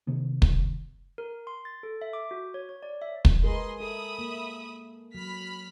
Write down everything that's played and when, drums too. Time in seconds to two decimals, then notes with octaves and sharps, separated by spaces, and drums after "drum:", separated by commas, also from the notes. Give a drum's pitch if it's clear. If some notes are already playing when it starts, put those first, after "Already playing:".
0.07 C3 D#3 B3
0.42 drum: kick
1.18 A#4
1.47 C6
1.65 A6
1.83 A4
2.02 E5
2.13 D6
2.31 F#4
2.54 C#5
2.69 C#5
2.83 D5
3.02 E5
3.25 drum: kick
3.43 G#3 G#4 A#4 B4 D#5 C6
3.80 A4 E5 B5 D#6
4.19 A#3
5.15 F#3 B5 F6 B6